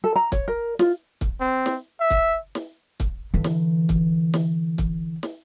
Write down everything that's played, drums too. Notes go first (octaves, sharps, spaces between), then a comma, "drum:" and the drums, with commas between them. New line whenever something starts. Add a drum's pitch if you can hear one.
A4
A#5
C#5, drum: kick, hi-hat
A#4
F4, drum: snare
drum: kick, hi-hat
C4
drum: snare
E5
drum: kick, hi-hat
drum: snare
drum: kick, hi-hat
D3 E3
drum: snare
drum: kick, hi-hat
drum: snare
drum: kick, hi-hat
drum: snare